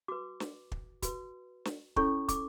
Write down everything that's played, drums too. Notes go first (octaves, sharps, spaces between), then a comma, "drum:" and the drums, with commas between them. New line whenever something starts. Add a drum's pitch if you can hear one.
F#4 B4 D6
drum: snare
drum: kick
F#4 B4, drum: kick, hi-hat
drum: snare
C#4 E4 A4 C#5 C#6, drum: kick
D6, drum: kick, hi-hat